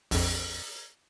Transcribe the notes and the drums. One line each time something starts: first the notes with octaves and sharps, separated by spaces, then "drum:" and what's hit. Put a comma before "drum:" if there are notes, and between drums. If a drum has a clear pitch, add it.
A#1 F2, drum: open hi-hat